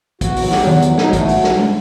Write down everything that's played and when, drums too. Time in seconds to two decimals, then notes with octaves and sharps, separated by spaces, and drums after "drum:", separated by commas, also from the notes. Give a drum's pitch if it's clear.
0.21 E2 F#4, drum: kick, hi-hat
0.36 F#3, drum: open hi-hat
0.45 F#4
0.52 E2 G4, drum: snare
0.67 F#3 F#4, drum: tom D#3
0.82 F#3, drum: hi-hat
0.98 E2 D#4, drum: snare
1.13 F#3 A3, drum: kick, hi-hat
1.28 drum: open hi-hat
1.44 drum: snare
1.59 drum: tom